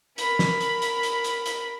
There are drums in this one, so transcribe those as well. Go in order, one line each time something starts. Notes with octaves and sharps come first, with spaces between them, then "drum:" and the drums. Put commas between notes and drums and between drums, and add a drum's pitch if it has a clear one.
A#4 B5, drum: hi-hat
drum: snare
drum: hi-hat
drum: hi-hat
drum: hi-hat
drum: hi-hat
drum: hi-hat